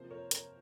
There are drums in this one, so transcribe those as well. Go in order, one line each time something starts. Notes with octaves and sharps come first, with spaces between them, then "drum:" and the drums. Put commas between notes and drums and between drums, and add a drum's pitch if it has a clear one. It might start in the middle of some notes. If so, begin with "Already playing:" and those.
Already playing: C3 F3 A#3 C5
A#4 C#5
A#4 C#5, drum: hi-hat